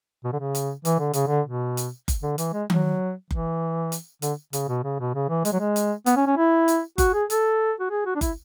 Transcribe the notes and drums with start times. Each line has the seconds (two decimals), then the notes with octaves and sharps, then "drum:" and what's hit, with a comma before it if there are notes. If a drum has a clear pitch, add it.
0.24 B2
0.33 D3
0.39 C#3
0.55 drum: hi-hat
0.85 E3, drum: hi-hat
0.99 D3
1.13 C#3, drum: hi-hat
1.27 D3
1.46 B2
1.77 drum: hi-hat
2.08 drum: kick F#1, hi-hat
2.23 D3
2.38 E3, drum: hi-hat
2.53 G#3
2.70 F#3, drum: tom D#3
3.31 E3, drum: kick F#1
3.92 drum: hi-hat
4.22 D3, drum: hi-hat
4.53 C#3, drum: hi-hat
4.68 B2
4.84 C#3
5.00 B2
5.15 C#3
5.29 E3
5.45 G#3, drum: hi-hat
5.53 F#3
5.60 G#3
5.76 drum: hi-hat
6.06 B3, drum: hi-hat
6.17 C#4
6.27 C#4
6.37 E4
6.68 drum: hi-hat
6.98 F#4, drum: kick F#1, hi-hat
7.13 G#4
7.30 A4, drum: hi-hat
7.80 F#4
7.90 G#4
8.06 F#4
8.15 D4
8.21 E4, drum: kick F#1, hi-hat